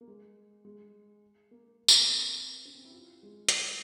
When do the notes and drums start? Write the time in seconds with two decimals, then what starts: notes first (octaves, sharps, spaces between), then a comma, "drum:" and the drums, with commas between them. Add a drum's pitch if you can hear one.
0.01 A#3
0.08 G#3
0.65 G#3
1.51 A#3
1.88 drum: tambourine
1.98 A#3
2.08 C4
2.65 C#4
2.75 C4
2.85 E4
2.90 G4
2.94 F4
3.23 G#3
3.49 drum: hi-hat